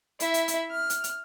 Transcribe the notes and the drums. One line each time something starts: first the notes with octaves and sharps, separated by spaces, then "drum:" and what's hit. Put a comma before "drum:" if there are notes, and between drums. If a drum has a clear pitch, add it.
E4 E5, drum: hi-hat
drum: hi-hat
drum: hi-hat
F6
drum: hi-hat
drum: hi-hat